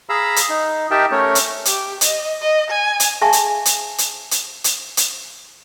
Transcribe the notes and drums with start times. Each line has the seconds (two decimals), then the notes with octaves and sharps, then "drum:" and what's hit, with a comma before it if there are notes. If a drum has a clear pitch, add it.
0.09 G#4 F5 A#5 B5 E6
0.36 drum: hi-hat
0.50 D#4
0.91 D#4 G4 A#4 E5 G5 A5
1.12 A3 C#4 A#4 C#5
1.35 drum: hi-hat
1.65 G4, drum: hi-hat
2.01 D#5, drum: hi-hat
2.42 D#5
2.71 G#5
3.00 drum: hi-hat
3.21 G#4 E5 F5 G#5 A5 C#6
3.33 drum: hi-hat
3.65 drum: hi-hat
3.98 drum: hi-hat
4.31 drum: hi-hat
4.64 drum: hi-hat
4.97 drum: hi-hat